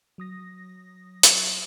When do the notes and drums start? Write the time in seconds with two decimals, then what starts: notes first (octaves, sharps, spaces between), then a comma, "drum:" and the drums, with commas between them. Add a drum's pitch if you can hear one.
0.18 F#3 D#6 A#6
1.23 drum: hi-hat